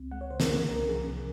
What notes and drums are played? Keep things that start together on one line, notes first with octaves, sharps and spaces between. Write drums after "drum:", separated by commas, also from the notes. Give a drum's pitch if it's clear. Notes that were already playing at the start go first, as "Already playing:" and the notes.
Already playing: C#2 C4
G#3 F#5
C#5
C#3 C5
A#4, drum: snare
A#3 G#4
C2 A#4
F3 G#4
C3